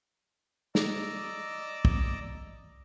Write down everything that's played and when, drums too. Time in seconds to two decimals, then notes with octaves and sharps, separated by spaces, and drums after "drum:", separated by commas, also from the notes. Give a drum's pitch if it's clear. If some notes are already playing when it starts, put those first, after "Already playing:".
0.75 D5 D#5 A#5 D6 E6, drum: snare
1.85 drum: kick